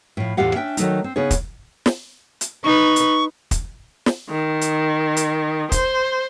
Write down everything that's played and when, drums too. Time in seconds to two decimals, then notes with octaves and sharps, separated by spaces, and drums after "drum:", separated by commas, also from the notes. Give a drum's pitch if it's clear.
0.17 A2 F3
0.37 E2 A2 F4 G4 F5 F#5
0.55 C#4 D4 E5 G5
0.77 D#3 F#3 A3 D#4, drum: hi-hat
1.04 C4
1.16 C#3 B3 D#4 G#4 C#5
1.31 drum: kick, hi-hat
1.86 drum: snare
2.41 drum: hi-hat
2.64 D#4 B4 C#6
2.96 drum: hi-hat
3.51 drum: kick, hi-hat
4.06 drum: snare
4.30 D#3
4.61 drum: hi-hat
5.17 drum: hi-hat
5.72 C5, drum: kick, hi-hat